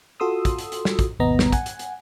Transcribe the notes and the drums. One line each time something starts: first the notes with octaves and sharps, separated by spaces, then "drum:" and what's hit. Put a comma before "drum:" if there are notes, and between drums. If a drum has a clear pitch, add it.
F4 F#4 A4 C6 D#6 E6
drum: kick, hi-hat
drum: hi-hat
drum: hi-hat
drum: snare
drum: kick, hi-hat
G#1 D#2 B2 B3 D#5 A#5
drum: snare
F#5 G#5, drum: kick, hi-hat
drum: hi-hat
drum: hi-hat